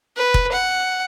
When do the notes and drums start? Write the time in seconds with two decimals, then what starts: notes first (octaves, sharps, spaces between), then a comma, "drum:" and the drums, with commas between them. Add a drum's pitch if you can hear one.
0.16 B4
0.34 drum: kick
0.52 F#5